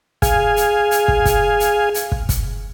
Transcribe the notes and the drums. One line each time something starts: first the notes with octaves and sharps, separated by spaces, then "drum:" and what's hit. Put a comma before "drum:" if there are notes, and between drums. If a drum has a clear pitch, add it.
G#4 F5 G#5, drum: kick, hi-hat
drum: hi-hat
drum: hi-hat
drum: kick
drum: kick, hi-hat
drum: hi-hat
drum: hi-hat
drum: kick
drum: kick, hi-hat